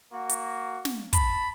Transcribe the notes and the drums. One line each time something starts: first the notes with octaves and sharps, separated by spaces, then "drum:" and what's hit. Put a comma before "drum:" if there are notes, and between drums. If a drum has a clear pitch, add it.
A#3 F#4
drum: hi-hat
drum: snare
A5 B5, drum: kick, hi-hat